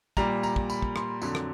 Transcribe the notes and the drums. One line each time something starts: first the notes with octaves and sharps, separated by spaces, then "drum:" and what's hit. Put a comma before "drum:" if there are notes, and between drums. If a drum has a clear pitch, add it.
A#2 G3 A#5, drum: kick, tambourine
A#5, drum: tambourine
drum: kick
B5, drum: tambourine
drum: kick
C6, drum: rim click
F2 D3 F#3 C6, drum: tambourine
drum: rim click